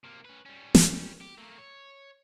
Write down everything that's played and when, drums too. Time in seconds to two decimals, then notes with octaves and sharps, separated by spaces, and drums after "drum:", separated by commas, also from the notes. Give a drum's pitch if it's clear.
0.04 C3 A#3
0.25 C#4 B4
0.46 G3 C#4
0.75 drum: snare
1.21 G4
1.38 A3 A#3
1.58 C#5